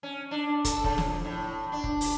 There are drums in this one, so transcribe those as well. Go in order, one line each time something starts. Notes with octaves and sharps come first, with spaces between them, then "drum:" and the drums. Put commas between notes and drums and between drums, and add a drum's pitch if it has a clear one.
C#4
D4
A4, drum: kick, hi-hat
C#3, drum: kick
F2, drum: snare
A2
D4
drum: kick
drum: open hi-hat